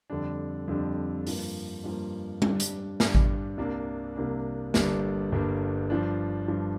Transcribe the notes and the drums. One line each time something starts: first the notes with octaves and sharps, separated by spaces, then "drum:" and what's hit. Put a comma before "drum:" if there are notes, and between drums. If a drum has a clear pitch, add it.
F2 D3 G3 D4
F2 D3 G3 D4
G2 F3 A#3, drum: open hi-hat
G2 F3 A#3
G2 G3 D4, drum: tom G3
drum: hi-hat
G2 G3 D4, drum: snare
drum: kick G#1
C2 C3 A#3 D4
C2 C3 A#3 D4
G1 G2 G3 A#3 D4, drum: snare
G1 G2 G3 A#3 D4
G2 F3 D4
G2 F3 D4